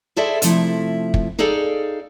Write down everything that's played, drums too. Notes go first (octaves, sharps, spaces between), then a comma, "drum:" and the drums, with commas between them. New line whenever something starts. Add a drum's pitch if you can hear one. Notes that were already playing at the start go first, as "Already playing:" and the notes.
E4 G#4 A4 C5 D5 E5
C3 F3 A3 E4, drum: hi-hat
drum: kick
D#4 G#4 A4 D5 F5